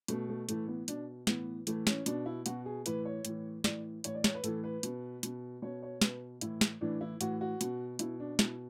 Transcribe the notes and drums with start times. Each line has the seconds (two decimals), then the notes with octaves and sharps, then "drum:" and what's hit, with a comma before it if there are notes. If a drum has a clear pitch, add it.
0.08 B2 A3, drum: hi-hat
0.29 A3
0.49 A2 E3 A3, drum: hi-hat
0.68 B3
0.88 B2 D4, drum: hi-hat
1.27 A2 E3 B3, drum: snare
1.67 A2 E3 A3, drum: hi-hat
1.87 C#4, drum: snare
2.06 B2 D4, drum: hi-hat
2.26 E4
2.46 B2 F#4, drum: hi-hat
2.66 G#4
2.86 A2 E3 B4, drum: hi-hat
3.05 C#5
3.25 A2 E3, drum: hi-hat
3.64 A2 E3 D5, drum: snare
4.04 A2 E3 C#5, drum: hi-hat
4.15 D5
4.24 C#5, drum: snare
4.35 B4
4.44 A2 E3 A4, drum: hi-hat
4.64 B4
4.83 B2, drum: hi-hat
5.23 B2, drum: hi-hat
5.62 B2 C#5
5.83 C#5
6.01 B2 B4, drum: snare
6.41 A2 E3 E4, drum: hi-hat
6.61 drum: snare
6.81 A2 E3 D4
7.01 E4
7.21 A2 E3 F#4, drum: hi-hat
7.41 F#4
7.61 B2, drum: hi-hat
7.99 B2 E4, drum: hi-hat
8.20 D4
8.39 B2 E4, drum: snare